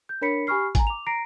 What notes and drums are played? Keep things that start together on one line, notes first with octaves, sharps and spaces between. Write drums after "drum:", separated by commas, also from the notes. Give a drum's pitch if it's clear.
G6
D4 A#4 C#5 B5 B6 C#7
G4 G#5 B5 C#6 F6 C7
G#5 A#5, drum: kick A1, hi-hat
D6 F7
A#5 A#6 C7 D7